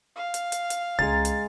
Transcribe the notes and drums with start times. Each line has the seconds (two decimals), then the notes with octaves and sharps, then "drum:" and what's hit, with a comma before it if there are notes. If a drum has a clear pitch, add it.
0.16 F5
0.34 drum: hi-hat
0.52 drum: hi-hat
0.70 drum: hi-hat
0.99 C#2 G#3 G#5 A#5 A6
1.25 drum: hi-hat